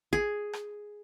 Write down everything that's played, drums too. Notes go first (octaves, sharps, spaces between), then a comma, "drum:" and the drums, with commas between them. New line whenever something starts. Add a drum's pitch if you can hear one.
G#4, drum: kick A1
drum: rim click